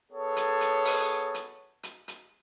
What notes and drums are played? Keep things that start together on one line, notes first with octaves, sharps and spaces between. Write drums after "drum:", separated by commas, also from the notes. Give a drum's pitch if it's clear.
B3 G#4 A4 C#5
drum: hi-hat
drum: hi-hat
drum: open hi-hat
drum: hi-hat
drum: hi-hat
drum: hi-hat